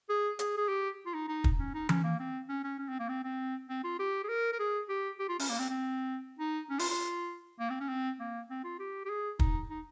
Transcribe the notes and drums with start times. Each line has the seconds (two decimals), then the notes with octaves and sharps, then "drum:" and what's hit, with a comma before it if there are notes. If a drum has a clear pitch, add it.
0.09 G#4
0.39 G#4, drum: hi-hat
0.57 G#4
0.69 G4
1.06 F4
1.14 D#4
1.28 D#4
1.44 drum: kick
1.59 C#4
1.74 D#4
1.89 C#4, drum: tom E3
2.04 A#3
2.19 C4
2.49 C#4
2.64 C#4
2.79 C#4
2.89 C4
2.99 A#3
3.09 C4
3.24 C4
3.69 C4
3.84 F4
3.99 G4
4.24 G#4
4.29 A#4
4.53 A#4
4.59 G#4
4.89 G4
5.19 G4
5.29 F4
5.39 C#4, drum: open hi-hat
5.49 A#3
5.59 C4
5.69 C4
6.39 D#4
6.70 C#4
6.79 F4, drum: open hi-hat
6.90 F4
7.60 A#3
7.70 C4
7.80 C#4
7.89 C4
8.20 A#3
8.50 C4
8.64 F4
8.80 G4
9.05 G4
9.10 G#4
9.39 D#4, drum: kick
9.70 D#4